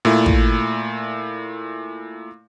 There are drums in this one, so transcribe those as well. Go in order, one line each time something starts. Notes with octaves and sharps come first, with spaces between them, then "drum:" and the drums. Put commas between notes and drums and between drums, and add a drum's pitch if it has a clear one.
A#2 A3 E4
drum: kick